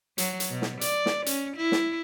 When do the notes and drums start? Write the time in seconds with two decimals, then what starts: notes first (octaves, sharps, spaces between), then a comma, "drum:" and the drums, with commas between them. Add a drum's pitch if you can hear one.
0.18 F#3, drum: hi-hat
0.40 drum: hi-hat
0.50 B2
0.62 drum: snare
0.81 D5, drum: hi-hat
1.06 drum: snare
1.26 C#4, drum: hi-hat
1.57 E4
1.72 drum: snare